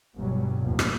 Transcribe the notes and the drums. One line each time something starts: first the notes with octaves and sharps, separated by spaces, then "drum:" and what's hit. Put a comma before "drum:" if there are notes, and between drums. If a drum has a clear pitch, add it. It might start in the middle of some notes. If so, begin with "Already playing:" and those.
G1 D#2 B2 F#3 G3
F1 D#2 A2 F3 A#3
drum: rim click